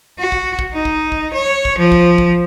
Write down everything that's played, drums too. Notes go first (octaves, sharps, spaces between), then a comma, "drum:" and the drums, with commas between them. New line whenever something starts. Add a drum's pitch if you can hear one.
F#4
drum: kick
drum: kick
D#4
drum: kick
drum: kick
C#5
drum: kick
F3
drum: kick
drum: kick